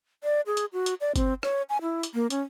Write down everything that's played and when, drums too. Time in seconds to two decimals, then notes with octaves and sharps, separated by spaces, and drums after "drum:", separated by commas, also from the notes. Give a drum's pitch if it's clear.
0.24 D5
0.47 G#4
0.57 drum: hi-hat
0.73 F#4
0.86 drum: hi-hat
1.01 D5
1.16 C4, drum: kick G1, hi-hat
1.43 C#5, drum: rim click
1.69 G#5
1.82 E4
2.03 drum: hi-hat
2.14 A#3
2.30 C#4, drum: hi-hat